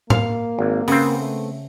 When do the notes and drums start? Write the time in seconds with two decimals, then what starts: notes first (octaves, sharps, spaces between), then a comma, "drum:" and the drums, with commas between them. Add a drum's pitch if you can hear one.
0.10 A#3 F5, drum: tom A2
0.59 G#1
0.88 C#3 B3 C4, drum: open hi-hat
1.19 A3